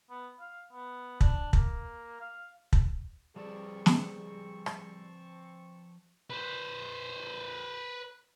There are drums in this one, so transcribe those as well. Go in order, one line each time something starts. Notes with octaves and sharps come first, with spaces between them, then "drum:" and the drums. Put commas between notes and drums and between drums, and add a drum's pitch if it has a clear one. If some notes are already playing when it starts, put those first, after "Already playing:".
B3
F5
B3
D4, drum: kick
A#3, drum: kick
F5
drum: kick
F3 G3 C4 G#4 B4 D5 A5 C#6
drum: snare
drum: rim click
B4 C5